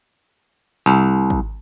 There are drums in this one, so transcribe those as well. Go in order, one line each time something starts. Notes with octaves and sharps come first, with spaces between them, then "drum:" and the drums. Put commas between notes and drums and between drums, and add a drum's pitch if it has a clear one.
C2
drum: kick